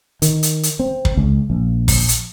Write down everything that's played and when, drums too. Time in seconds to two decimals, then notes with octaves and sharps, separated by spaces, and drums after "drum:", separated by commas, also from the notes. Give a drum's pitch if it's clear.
0.22 D#3, drum: hi-hat
0.43 drum: hi-hat
0.63 drum: hi-hat
0.79 C4
1.05 drum: kick
1.17 C#2
1.50 A#1
1.88 drum: kick, open hi-hat
2.09 drum: hi-hat